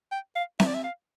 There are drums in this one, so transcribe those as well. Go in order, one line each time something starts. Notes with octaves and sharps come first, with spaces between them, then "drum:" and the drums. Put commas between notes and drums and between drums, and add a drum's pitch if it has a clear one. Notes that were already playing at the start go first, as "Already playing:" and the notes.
G5
F5
E5, drum: snare C4
D5
E5
F5